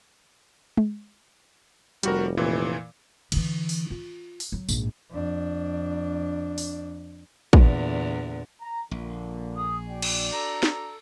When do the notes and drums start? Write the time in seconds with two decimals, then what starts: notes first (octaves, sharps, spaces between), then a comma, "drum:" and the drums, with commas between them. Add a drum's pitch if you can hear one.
0.77 drum: tom G#3
2.03 F1 G3 F#4 A#4, drum: hi-hat
2.37 A#2 E3
3.32 D3 E3, drum: cymbal
3.69 drum: open hi-hat
3.90 F4
4.40 drum: open hi-hat
4.52 F#3
4.69 A#1 G#2, drum: tambourine
5.11 F2 D4
6.58 drum: open hi-hat
7.53 E2 A#2 D3, drum: kick
8.61 A#5
8.91 A#1 A#2 D3
9.56 G#4 D#6
9.88 D4 F#4 D5 G5
10.02 drum: cymbal
10.31 A4 A#5
10.63 drum: snare